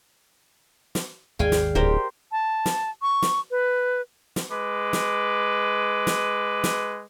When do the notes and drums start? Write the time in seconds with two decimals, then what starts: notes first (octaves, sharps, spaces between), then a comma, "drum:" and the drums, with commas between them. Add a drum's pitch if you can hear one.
0.95 drum: snare
1.39 G#1 D#2 G#3 G#4 D5 F5 G5 G#5
1.52 drum: snare
1.75 D1 G4 A#4 C5
2.32 A5
2.66 drum: snare
3.02 C#6
3.22 drum: snare
3.51 B4
4.36 drum: snare
4.52 G#3 B4 D6
4.93 drum: snare
6.07 drum: snare
6.64 drum: snare